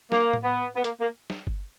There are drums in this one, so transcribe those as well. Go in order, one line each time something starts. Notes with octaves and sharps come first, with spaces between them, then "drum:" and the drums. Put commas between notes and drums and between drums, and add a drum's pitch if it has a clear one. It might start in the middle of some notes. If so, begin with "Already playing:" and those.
A#3, drum: snare
drum: tom A2
B3
B3
A#3, drum: hi-hat
A#3
drum: snare
drum: kick G1